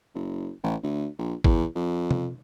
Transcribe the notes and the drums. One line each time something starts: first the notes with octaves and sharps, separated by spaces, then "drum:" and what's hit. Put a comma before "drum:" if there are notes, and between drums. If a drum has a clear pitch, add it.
F#1
A1
D2
A#1
E2, drum: kick G#1
F2
drum: tom